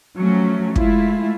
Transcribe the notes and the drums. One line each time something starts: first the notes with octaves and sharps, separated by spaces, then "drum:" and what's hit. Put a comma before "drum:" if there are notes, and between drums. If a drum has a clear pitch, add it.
F3 F#3 A3 C#4
G#3 A3 E4 F4, drum: kick